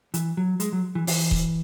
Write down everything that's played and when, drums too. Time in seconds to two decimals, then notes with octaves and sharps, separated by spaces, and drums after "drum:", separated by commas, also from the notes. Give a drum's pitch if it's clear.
0.14 E3, drum: hi-hat
0.37 F#3
0.60 G#3, drum: hi-hat
0.72 F#3
0.95 E3
1.07 E3, drum: open hi-hat
1.31 drum: kick D#1